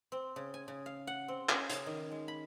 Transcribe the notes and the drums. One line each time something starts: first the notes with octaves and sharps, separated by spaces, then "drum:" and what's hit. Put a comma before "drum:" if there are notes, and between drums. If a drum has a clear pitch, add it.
C4
C#3
G#5
C#3
F5
F#5
C4
C#4, drum: clap
C#3, drum: hi-hat
D#3
G#3
B5